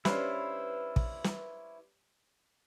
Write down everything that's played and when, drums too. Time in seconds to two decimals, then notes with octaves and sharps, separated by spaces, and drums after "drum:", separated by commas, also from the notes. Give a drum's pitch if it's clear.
0.05 G3 C#4 D4 E4 B4 C5 F5, drum: snare
0.96 drum: kick
1.24 drum: snare